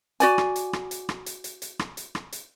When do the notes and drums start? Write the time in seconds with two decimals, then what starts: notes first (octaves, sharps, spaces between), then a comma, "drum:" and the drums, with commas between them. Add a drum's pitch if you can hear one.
0.20 F#4 D5 G#5, drum: hi-hat
0.38 drum: rim click
0.56 drum: hi-hat
0.73 drum: rim click
0.91 drum: hi-hat
1.09 drum: rim click
1.26 drum: hi-hat
1.44 drum: hi-hat
1.62 drum: hi-hat
1.79 drum: rim click
1.97 drum: hi-hat
2.15 drum: rim click
2.32 drum: hi-hat